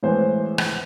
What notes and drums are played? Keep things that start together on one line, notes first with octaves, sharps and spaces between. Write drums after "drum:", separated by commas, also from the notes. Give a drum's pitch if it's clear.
A2 E3 G#3 B3 C5
drum: rim click